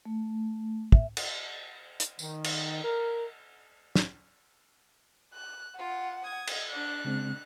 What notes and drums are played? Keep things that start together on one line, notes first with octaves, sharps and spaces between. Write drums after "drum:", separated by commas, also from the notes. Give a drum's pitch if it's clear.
A3
E5, drum: kick
drum: cymbal
drum: hi-hat
D#3, drum: tambourine
drum: cymbal
A#4
drum: snare
F#6
F4 F#5
D#6 G#6
drum: cymbal
D4 F#6
C#3 G#3 C4